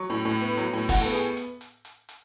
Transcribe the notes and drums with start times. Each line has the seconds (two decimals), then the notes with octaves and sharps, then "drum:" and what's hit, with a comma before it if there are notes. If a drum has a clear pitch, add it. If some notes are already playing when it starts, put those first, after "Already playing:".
Already playing: F#3 C#6
0.10 A2
0.25 A2
0.41 B3
0.57 F#3
0.73 A2
0.89 A2 F#5, drum: kick G1, open hi-hat
1.01 B3 A4
1.13 G#4
1.37 drum: hi-hat
1.61 drum: hi-hat
1.85 drum: hi-hat
2.09 drum: hi-hat